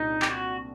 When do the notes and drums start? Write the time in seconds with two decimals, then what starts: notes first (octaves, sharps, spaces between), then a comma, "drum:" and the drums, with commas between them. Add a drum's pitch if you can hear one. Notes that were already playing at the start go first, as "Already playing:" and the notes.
Already playing: C2 A#2 G3 D4 D#4
0.22 G4, drum: clap
0.31 F#4